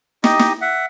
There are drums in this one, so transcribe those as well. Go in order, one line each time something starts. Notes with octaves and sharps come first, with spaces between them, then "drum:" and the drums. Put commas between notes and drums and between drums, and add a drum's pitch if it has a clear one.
D#4 G4 D#5, drum: snare
drum: snare
E5 F#5